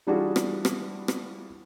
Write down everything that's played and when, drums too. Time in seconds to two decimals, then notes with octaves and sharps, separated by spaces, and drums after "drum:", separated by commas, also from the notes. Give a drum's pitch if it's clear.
0.07 E3 G3 D4 F4 F#4 G#4
0.36 drum: rim click
0.65 drum: rim click
1.08 drum: rim click